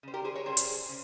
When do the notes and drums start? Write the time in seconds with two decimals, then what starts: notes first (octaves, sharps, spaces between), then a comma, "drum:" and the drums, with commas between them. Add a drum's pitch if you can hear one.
0.03 C#3 G3 C5
0.14 G4 A#4
0.24 G#4 C5
0.35 A#4 C#5
0.46 C#3 G3 G#4 C5
0.57 drum: hi-hat
0.88 C#3